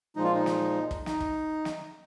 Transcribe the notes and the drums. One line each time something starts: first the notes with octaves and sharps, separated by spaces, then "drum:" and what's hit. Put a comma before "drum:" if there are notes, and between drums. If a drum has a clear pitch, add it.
A#2 F3 G#3 D#4
F4
D#4
drum: snare
drum: kick
D#4, drum: snare
drum: kick
drum: snare